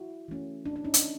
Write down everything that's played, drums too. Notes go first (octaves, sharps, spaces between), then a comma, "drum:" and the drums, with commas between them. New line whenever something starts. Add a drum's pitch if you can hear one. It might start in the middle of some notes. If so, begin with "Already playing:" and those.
Already playing: E4 F#4
E3 A3 C#4
D4
D4
C#4 D#4
D4, drum: hi-hat